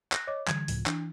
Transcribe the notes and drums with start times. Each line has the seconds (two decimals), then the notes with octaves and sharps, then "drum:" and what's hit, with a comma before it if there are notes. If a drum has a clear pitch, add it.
0.12 F#6 A#6, drum: clap
0.27 C#5 D#5 D6
0.48 D3 E3 G3 G#6, drum: clap
0.68 C#2 A2 F3, drum: open hi-hat
0.86 E3 D4, drum: clap